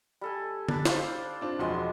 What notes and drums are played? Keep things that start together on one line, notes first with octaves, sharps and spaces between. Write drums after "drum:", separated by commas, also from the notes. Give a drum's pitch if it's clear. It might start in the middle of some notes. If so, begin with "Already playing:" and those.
G3 A4 G#5
D4 A5 B5, drum: tom D3
C5 D5 F5 C6, drum: snare
C4 D4 F4
E1 F3 F#3 G#3 C6